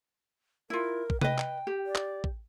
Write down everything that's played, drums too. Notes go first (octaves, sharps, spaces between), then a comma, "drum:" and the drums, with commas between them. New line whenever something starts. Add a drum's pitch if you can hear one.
E4 F4 A#4
drum: kick A1
B4 D#5 G5, drum: tom C3
drum: clap
G4
D5
drum: clap
drum: kick A1